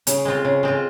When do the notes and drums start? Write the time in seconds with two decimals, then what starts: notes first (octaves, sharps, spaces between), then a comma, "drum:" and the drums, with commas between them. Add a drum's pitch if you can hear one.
0.07 C#3, drum: hi-hat
0.25 G#3 C4 F4
0.45 C#3
0.63 G#3 C4 F4